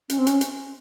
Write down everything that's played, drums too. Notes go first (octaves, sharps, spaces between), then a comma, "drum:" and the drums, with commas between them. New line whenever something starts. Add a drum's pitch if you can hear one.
C#4, drum: hi-hat
C4
C#4, drum: hi-hat
drum: hi-hat